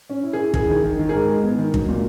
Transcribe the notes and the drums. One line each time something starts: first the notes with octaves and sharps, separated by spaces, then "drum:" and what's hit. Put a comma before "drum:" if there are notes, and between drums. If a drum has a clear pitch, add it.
C#4
E4
G#4
E4
E4 G#4, drum: kick
D#3
D#3
D#3
G#4
G#2 A#4
G#3
B3
D#3
F#3, drum: kick
A#2